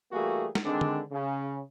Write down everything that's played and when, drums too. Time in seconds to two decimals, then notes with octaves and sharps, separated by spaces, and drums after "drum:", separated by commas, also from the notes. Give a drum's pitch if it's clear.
0.12 E3 G3 A3 A#3 F#4 G#4
0.55 drum: snare
0.64 D3 D#3 G#3 C4 D4
0.81 drum: tom D3
1.12 C#3